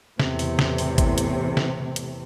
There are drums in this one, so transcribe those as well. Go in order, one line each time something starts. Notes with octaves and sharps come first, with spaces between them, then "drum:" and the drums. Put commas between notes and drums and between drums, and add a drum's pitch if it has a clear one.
E2 A2 C3, drum: snare
drum: open hi-hat
drum: snare
drum: open hi-hat
drum: kick, hi-hat
drum: hi-hat
drum: snare
drum: hi-hat